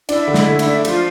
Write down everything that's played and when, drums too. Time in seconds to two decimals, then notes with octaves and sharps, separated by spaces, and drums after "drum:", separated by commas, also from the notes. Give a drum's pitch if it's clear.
0.09 D4 E4, drum: cymbal
0.27 D3
0.34 E4, drum: snare
0.46 A3
0.59 E4, drum: cymbal
0.66 D4
0.85 F3 F4, drum: cymbal